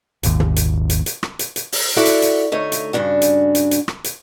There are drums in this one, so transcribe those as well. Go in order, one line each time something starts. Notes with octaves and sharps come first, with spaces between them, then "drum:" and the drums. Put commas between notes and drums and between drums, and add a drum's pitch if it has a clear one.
D#1 G#1 D#2, drum: hi-hat
drum: tom
drum: hi-hat
drum: hi-hat
drum: hi-hat
drum: rim click
drum: hi-hat
drum: hi-hat
drum: open hi-hat
E4 F#4 A4 D5 E5 F#5
drum: hi-hat
drum: hi-hat
D2 A3 D#4 C#5
drum: hi-hat
G2 A#2 C#3 D4 F#4
drum: hi-hat
drum: hi-hat
drum: hi-hat
drum: rim click
drum: hi-hat